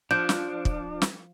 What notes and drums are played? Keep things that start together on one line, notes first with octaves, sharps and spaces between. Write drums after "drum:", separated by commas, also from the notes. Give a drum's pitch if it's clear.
F3 D4 G6
drum: snare
drum: kick
drum: snare